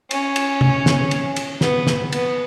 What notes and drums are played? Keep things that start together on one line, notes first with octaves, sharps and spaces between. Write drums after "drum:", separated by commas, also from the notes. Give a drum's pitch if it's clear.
C#4, drum: cymbal
drum: cymbal
drum: tom C3
drum: snare
drum: cymbal
drum: cymbal
B3, drum: snare
drum: snare
B3, drum: cymbal